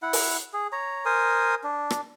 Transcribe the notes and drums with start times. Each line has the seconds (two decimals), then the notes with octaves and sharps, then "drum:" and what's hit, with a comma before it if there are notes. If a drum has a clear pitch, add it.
0.02 E4 F#5
0.13 drum: open hi-hat
0.53 G#4
0.72 C#5 A#5
1.05 A#4 C5 G#5 D#6
1.64 D4
1.90 drum: rim click